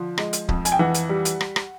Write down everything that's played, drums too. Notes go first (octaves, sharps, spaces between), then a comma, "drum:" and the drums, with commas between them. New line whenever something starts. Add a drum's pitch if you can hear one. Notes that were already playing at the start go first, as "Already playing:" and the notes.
Already playing: D3 F3
G#3, drum: rim click
drum: hi-hat
F2, drum: kick C#1
G#5, drum: hi-hat
G5
E3 F#5
drum: hi-hat
G3
drum: hi-hat
drum: rim click
drum: rim click